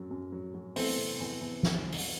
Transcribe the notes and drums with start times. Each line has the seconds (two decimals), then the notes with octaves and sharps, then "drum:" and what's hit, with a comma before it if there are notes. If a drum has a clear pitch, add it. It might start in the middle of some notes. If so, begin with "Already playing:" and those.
Already playing: F#2 F#3
0.11 F#2
0.32 F#3
0.54 F#3
0.76 E2 A3 C4, drum: open hi-hat
0.98 C3
1.20 E2
1.41 E2
1.63 drum: snare
1.92 drum: open hi-hat